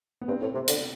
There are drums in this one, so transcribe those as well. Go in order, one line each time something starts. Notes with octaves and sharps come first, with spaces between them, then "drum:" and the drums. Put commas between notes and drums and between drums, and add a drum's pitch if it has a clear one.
B3
G2 C4
A2 C4
C3 C4
D3, drum: hi-hat